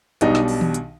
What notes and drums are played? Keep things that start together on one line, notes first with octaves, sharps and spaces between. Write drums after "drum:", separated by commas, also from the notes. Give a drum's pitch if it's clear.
B1 B2 G3 D4 D#4, drum: hi-hat
drum: snare
drum: open hi-hat
drum: tom D#3
drum: hi-hat